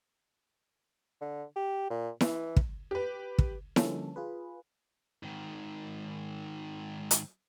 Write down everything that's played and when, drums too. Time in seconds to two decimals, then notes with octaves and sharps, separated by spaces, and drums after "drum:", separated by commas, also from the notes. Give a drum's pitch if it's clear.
1.21 D3
1.56 G4
1.90 A#2
2.21 E3, drum: snare E4
2.56 drum: kick
2.91 G4 B4
3.39 drum: kick
3.76 D3 F3 G3 A#3 C#4 A4, drum: snare E4
4.16 F4 G#4 B4
5.23 G#2 D#3
7.11 drum: hi-hat